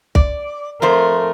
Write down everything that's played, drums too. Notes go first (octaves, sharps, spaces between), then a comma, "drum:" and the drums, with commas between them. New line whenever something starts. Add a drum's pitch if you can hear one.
D5, drum: kick
F2 A3 A#4 C5